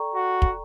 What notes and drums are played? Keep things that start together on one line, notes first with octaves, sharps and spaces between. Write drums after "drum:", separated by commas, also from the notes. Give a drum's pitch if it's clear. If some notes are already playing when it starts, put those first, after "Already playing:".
Already playing: A4 D5 G5 A#5 C#6
F#4
drum: kick